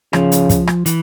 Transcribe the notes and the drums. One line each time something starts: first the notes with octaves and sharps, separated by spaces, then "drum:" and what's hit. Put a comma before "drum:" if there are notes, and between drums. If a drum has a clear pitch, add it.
C#3 F3, drum: rim click
drum: hi-hat
drum: kick, hi-hat
drum: rim click
E3, drum: hi-hat